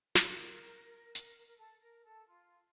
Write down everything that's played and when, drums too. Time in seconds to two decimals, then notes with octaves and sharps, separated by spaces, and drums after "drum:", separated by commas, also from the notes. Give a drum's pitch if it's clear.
0.15 A#4, drum: snare
1.15 drum: hi-hat
1.46 A#4
1.57 A4
1.79 A#4
2.03 A4
2.26 F4